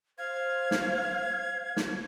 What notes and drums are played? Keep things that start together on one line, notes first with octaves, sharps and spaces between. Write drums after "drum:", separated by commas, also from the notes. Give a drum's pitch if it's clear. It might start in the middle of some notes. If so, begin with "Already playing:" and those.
C5 F5 G#6
drum: snare
drum: snare